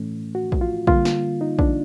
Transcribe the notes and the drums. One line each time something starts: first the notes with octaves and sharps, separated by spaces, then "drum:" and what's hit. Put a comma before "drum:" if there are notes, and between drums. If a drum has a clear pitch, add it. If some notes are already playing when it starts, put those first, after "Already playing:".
Already playing: A2 E3 A3 C#4
F#4
drum: kick
F4
D3 G3 A#3 F4, drum: kick
drum: snare
D#4
D4, drum: kick